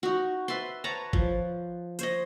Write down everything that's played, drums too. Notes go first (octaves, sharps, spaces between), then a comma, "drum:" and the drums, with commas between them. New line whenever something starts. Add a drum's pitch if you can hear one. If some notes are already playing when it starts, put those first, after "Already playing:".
D#4 F#4
B4 E5 A5 C6
B4 C#5 A5 A#5
F3, drum: kick G#1
C5 C#5 D#5, drum: hi-hat